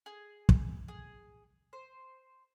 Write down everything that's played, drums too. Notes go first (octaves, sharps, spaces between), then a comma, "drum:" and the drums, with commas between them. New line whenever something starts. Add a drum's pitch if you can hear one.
G#4
drum: kick
G#4
C5